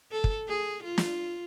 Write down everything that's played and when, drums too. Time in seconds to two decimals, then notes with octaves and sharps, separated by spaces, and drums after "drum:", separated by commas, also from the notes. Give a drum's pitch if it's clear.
0.11 A4
0.24 drum: kick
0.48 G#4
0.84 F4
0.98 drum: snare